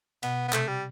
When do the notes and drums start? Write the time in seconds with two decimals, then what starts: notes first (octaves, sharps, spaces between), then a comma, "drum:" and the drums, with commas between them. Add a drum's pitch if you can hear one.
0.23 B2 B3, drum: cymbal
0.48 B3
0.53 C3 A3, drum: clap
0.68 G3